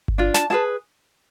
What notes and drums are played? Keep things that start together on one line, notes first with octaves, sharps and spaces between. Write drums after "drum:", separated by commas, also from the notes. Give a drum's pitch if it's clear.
drum: kick G1
D4 F4
A5, drum: snare
E4 G#4 B4 A5